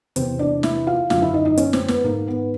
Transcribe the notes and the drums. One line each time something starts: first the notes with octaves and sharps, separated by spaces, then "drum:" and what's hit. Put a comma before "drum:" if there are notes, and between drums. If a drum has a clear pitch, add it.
E2 C3 E3 C4 C5, drum: hi-hat
D4 D5
E4 E5, drum: snare
F4 F5
F#2 D3 F4 F5, drum: snare
E4 E5
D#4 D#5
D#4 D#5
C#4 C#5, drum: hi-hat
C4 C5, drum: snare
B3 B4, drum: snare
G#2 D#3 A#3 A#4
B3 B4